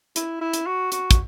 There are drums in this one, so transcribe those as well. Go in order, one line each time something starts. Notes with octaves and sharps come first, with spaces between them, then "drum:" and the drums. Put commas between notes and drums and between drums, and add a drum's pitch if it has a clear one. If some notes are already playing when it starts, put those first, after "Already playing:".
E4, drum: hi-hat
E4
drum: hi-hat
F#4
F#4, drum: hi-hat
drum: kick, hi-hat